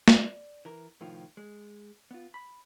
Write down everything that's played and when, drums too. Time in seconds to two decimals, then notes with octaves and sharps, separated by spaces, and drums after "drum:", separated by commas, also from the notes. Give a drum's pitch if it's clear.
0.08 D5, drum: snare
0.65 E3 A#4
1.01 C2 A2 D#3 F3 F4
1.37 G#3
2.11 B3 F4
2.34 B5